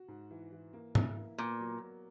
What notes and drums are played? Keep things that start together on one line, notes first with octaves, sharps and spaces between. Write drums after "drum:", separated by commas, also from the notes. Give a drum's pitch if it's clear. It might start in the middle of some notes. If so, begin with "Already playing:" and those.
Already playing: F#4
G#2
E3
E3
A#3
E4, drum: tom
A#3
A#2 B3
F#3
A#4